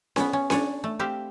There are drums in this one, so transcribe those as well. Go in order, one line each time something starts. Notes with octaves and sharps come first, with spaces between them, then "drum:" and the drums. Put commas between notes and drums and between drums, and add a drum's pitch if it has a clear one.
B3 C#4, drum: snare C#4
C#4
D4 C#5 G#5, drum: snare C#4
A3
C4 G4 E5 F5